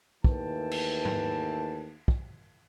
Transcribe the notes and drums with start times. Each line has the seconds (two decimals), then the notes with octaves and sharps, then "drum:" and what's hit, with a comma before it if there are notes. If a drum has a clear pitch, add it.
0.24 D#2 E3 A3 B4 G5 A5, drum: kick
0.71 drum: cymbal
1.05 drum: tom G#2
2.08 drum: kick